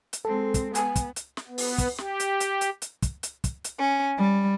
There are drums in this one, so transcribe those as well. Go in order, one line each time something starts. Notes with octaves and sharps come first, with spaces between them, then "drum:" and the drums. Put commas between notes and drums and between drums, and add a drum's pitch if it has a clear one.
drum: hi-hat
G#3 C4 A4
drum: kick, hi-hat
B3 G#5, drum: hi-hat
drum: kick, hi-hat
drum: hi-hat
drum: snare
B3
drum: open hi-hat
drum: kick, hi-hat
G4, drum: snare
drum: hi-hat
drum: hi-hat
drum: hi-hat
drum: hi-hat
drum: kick, hi-hat
drum: hi-hat
drum: kick, hi-hat
drum: hi-hat
C#4
G3